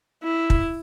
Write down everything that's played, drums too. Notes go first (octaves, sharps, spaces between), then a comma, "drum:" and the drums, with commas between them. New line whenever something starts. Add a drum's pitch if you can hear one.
E4
drum: kick